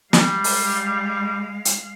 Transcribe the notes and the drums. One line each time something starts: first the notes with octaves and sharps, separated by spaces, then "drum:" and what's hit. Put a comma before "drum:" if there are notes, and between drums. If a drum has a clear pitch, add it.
G3 G#3 F5, drum: snare
drum: open hi-hat
drum: hi-hat